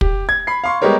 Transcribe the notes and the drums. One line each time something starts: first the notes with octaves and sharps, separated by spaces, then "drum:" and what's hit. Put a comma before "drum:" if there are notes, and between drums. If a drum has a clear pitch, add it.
G4, drum: kick
G#6
B5 C7
F5 C6 C#6
G3 G#3 B3 G4 A#4 C#5